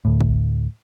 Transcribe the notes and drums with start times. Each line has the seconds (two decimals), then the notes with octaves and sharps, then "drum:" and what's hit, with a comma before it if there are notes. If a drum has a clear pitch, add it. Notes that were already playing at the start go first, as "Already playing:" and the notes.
0.05 D2 A2
0.21 drum: kick